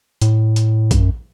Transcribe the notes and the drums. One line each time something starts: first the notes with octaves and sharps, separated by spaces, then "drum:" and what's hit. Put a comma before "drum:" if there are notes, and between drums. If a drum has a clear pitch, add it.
A2, drum: hi-hat
drum: hi-hat
G2, drum: kick A#1, hi-hat
F#2